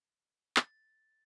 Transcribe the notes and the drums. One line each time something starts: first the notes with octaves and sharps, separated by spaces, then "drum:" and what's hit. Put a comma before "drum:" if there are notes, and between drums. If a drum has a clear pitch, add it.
A6, drum: clap